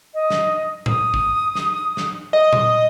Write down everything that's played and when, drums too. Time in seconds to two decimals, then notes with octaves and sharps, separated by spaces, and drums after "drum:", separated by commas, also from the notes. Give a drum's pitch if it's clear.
0.14 D#5
0.30 drum: snare
0.86 D#6, drum: tom G#2
1.14 drum: kick
1.55 drum: snare
1.97 drum: snare
2.33 D#5
2.53 drum: tom A#2